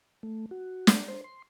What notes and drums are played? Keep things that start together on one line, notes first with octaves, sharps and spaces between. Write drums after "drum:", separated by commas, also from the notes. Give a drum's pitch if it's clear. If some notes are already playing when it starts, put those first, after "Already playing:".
A3
F#4
drum: snare
C5
C6